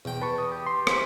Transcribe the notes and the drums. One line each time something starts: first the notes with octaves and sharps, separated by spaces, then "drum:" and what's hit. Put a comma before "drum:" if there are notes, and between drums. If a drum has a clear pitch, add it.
E2 B2 G5
B4 A5 C#6
D#5
G4
C6
C3 E3 B6, drum: rim click